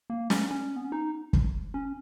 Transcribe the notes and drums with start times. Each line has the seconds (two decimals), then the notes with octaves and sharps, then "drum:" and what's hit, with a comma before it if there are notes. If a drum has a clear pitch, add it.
0.10 A#3
0.30 C#4, drum: snare
0.51 C#4
0.76 B3
0.84 C#4
0.92 D#4
1.33 drum: kick
1.74 C#4